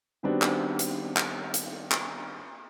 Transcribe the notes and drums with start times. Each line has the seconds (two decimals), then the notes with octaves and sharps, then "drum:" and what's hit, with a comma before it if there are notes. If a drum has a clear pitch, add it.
0.23 D#3 G3 B3 C4 D4 F#4
0.42 drum: clap
0.79 drum: hi-hat
1.17 drum: clap
1.54 drum: hi-hat
1.91 drum: clap